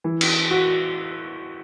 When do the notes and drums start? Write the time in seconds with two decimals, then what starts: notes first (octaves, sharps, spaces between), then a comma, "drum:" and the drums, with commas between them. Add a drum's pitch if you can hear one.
0.04 E3
0.21 drum: cymbal
0.51 F#4